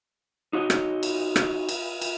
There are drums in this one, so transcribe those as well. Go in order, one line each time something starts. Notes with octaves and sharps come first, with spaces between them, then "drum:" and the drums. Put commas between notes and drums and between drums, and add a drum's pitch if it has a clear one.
D#4 F#4 C#5 D#5
drum: rim click
drum: cymbal
drum: rim click
drum: cymbal
drum: cymbal